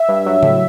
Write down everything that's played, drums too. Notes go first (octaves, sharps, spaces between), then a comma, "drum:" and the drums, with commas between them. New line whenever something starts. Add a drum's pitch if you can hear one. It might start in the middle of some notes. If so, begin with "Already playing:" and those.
Already playing: E5
G2
F#3
A2, drum: tom C#3